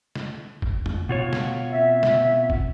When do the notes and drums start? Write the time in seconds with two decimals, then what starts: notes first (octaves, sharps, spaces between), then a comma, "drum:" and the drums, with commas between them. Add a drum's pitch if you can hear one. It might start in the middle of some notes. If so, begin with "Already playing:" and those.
0.15 drum: snare
0.62 drum: kick G1
0.86 drum: tom
1.09 B2 F4 C#5
1.33 drum: snare
1.72 C4 E5
2.03 drum: snare
2.50 drum: kick G1